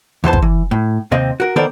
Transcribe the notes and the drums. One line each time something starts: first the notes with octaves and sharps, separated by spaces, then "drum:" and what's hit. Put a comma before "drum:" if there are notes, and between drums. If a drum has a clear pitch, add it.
E2 E3 C5 A5
drum: kick
E3
A2
D#2 C3 C4 D#5
F#4 A#4
D#3 B3 A4 A#4 C5 D5